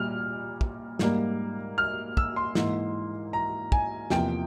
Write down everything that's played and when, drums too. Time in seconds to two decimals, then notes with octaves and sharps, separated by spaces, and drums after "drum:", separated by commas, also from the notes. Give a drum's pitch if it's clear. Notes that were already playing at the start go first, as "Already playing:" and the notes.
Already playing: A#2 G3 F6
0.61 drum: kick
0.99 G#2 G3 A#3, drum: snare
1.78 F6
2.17 E6, drum: kick
2.36 C6
2.55 G#2 E3 A#3, drum: snare
3.33 A#5
3.72 G#5, drum: kick
4.10 E2 C3 F3 A#3 G5, drum: snare